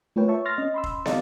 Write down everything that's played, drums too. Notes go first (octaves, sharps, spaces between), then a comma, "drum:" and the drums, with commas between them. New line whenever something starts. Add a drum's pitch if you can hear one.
A3 F4 A#4 B4 C#5 G5
C#5 E5 A5 C#6
C6 F6 A6 A#6
C#4 D#5
B5 C6 E6
drum: kick F1
D5 D#5 F5 A6, drum: snare